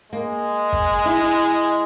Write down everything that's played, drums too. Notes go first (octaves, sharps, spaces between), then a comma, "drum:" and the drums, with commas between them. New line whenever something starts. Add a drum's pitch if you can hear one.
G#3 A#3
drum: kick
E4